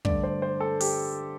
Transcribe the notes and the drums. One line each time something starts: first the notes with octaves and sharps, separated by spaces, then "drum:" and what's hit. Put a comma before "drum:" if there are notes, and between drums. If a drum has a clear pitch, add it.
G2 D3 A3 D5, drum: kick
C5
C5
A4
G4, drum: open hi-hat